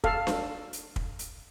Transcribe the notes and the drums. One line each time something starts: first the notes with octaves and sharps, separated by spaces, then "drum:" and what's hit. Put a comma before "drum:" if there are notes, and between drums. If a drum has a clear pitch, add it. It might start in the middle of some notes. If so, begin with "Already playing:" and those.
A4 F5, drum: kick
drum: snare D4
drum: hi-hat
drum: kick
drum: hi-hat